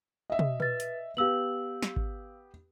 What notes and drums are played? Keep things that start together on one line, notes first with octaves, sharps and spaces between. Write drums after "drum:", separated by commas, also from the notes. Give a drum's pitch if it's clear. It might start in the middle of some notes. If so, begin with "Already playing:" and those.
D#5 E5
drum: tom
B4 A6, drum: tom
drum: hi-hat
B3 G4 F5 E6 F#7
drum: snare
drum: kick G#1